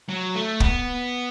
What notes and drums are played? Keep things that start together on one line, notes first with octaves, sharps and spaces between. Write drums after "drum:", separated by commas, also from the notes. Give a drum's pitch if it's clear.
F#3
A3
B3, drum: kick